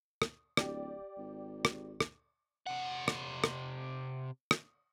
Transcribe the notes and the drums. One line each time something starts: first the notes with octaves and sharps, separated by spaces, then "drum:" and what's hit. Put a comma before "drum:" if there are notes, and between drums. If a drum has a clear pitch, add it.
drum: rim click
D1 G4 D5, drum: rim click
G#1
drum: rim click
drum: rim click
C3 F#5
drum: rim click
drum: rim click
drum: rim click